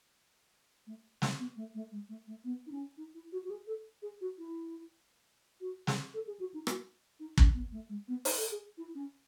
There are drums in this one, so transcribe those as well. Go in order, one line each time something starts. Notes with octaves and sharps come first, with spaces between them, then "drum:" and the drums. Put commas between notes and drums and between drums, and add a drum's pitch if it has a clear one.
A3
A3, drum: snare
B3
A3
A3
G#3
A3
A3
B3
D#4
C#4
D#4
E4
F#4
F#4
G#4
A4
G#4
F#4
E4
F#4
G#4, drum: snare
A4
G#4
F#4
D#4
F#4, drum: rim click
D#4
C#4, drum: kick
B3
A3
G#3
B3
D#4, drum: open hi-hat
A4
G#4
E4
C#4